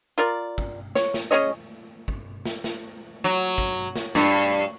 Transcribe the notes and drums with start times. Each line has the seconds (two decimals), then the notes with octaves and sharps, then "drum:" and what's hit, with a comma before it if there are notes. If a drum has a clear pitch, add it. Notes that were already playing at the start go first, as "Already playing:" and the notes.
0.18 F4 A#4 D5
0.58 drum: kick
0.95 C#5, drum: snare
1.14 drum: snare
1.31 C#4 G#4 C#5 D#5
2.08 drum: kick
2.45 drum: snare
2.64 drum: snare
3.24 F#3
3.58 drum: kick
3.96 drum: snare
4.15 G2, drum: snare